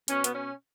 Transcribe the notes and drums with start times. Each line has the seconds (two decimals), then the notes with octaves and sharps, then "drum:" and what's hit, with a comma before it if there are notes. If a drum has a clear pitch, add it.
0.08 B2 C#4, drum: hi-hat
0.24 B3, drum: hi-hat
0.34 C#4